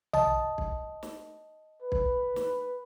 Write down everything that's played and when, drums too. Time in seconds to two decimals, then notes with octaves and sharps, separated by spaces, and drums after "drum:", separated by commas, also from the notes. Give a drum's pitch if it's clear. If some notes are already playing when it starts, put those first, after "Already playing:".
0.13 D#5 A5, drum: tom A#1
0.58 drum: kick
1.03 drum: snare
1.83 B4
1.92 drum: kick
2.36 drum: snare